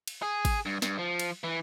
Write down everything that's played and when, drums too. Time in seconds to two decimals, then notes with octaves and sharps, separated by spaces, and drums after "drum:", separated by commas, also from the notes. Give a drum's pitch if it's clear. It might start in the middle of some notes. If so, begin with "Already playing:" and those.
0.08 drum: cymbal
0.22 G#4
0.45 drum: kick G#1, cymbal
0.65 G2
0.82 G2, drum: snare
0.99 F3
1.19 drum: cymbal
1.44 E3